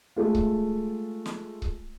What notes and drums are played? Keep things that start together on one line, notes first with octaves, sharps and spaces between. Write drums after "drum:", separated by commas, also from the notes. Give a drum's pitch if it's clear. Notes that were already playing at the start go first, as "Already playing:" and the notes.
G#3 A3 F4
drum: kick C#1
drum: snare
drum: kick C#1